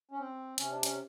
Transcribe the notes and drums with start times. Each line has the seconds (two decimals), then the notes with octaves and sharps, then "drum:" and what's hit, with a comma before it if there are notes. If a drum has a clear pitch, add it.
0.11 C#4
0.19 C4
0.58 C3 C#4, drum: hi-hat
0.71 D4
0.83 C#4, drum: hi-hat